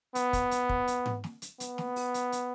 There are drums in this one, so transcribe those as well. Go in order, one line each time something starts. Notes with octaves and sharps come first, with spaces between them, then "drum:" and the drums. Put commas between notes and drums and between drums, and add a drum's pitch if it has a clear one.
B3, drum: hi-hat
drum: kick, hi-hat
drum: hi-hat
drum: kick
drum: hi-hat
drum: tom G#2
drum: snare
drum: hi-hat
B3, drum: hi-hat
drum: snare
drum: open hi-hat
drum: hi-hat
drum: hi-hat